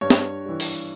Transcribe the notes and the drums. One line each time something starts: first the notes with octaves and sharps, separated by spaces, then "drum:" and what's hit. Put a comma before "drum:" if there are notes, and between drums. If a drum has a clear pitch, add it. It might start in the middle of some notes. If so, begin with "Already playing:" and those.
G2 C#5
drum: snare
E3 G3
drum: open hi-hat